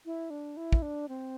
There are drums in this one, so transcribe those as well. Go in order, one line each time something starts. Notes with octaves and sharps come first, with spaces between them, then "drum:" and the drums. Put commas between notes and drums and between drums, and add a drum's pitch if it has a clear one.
E4
D4
E4
drum: kick
D4
C4